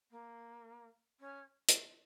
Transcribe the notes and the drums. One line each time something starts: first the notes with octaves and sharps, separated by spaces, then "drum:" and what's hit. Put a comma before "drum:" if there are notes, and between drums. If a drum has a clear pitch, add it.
A#3
C#4
drum: hi-hat